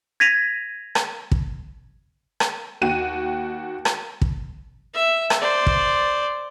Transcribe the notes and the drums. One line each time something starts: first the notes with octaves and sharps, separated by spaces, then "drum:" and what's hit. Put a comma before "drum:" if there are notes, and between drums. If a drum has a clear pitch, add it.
G#6 A#6 B6 D#7 F7
drum: rim click
drum: kick
drum: rim click
D#2 F#4 G5 D#7
drum: rim click
drum: kick
E5
drum: rim click
C5 D5
drum: kick